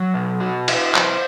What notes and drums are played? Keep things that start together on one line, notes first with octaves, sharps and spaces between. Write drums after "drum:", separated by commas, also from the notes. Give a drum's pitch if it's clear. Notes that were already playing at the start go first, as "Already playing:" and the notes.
Already playing: F#3
B2
F#4
E4, drum: cymbal
C5, drum: clap